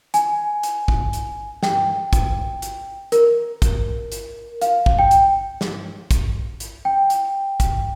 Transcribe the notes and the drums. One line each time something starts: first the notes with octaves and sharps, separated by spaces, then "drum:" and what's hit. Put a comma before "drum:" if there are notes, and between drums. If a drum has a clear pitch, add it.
G#5, drum: hi-hat
drum: hi-hat
drum: kick
drum: hi-hat
G5, drum: snare
drum: kick, hi-hat
drum: hi-hat
A#4, drum: hi-hat
drum: kick, hi-hat
drum: hi-hat
F5, drum: hi-hat
drum: kick
G5
drum: hi-hat
drum: snare
drum: kick, hi-hat
drum: hi-hat
G5
drum: hi-hat
drum: kick, hi-hat